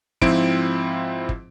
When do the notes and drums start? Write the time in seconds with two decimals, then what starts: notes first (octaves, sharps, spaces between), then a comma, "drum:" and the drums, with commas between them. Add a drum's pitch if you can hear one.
0.22 G#2 F3 C4 E4 F4 D7, drum: kick
1.29 drum: kick